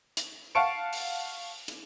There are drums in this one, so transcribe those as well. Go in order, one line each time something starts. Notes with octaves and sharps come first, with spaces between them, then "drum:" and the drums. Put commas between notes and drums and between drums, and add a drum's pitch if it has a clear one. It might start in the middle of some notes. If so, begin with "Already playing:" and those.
drum: hi-hat
F5 F#5 A5 C#6 C#7 D7
drum: open hi-hat
drum: hi-hat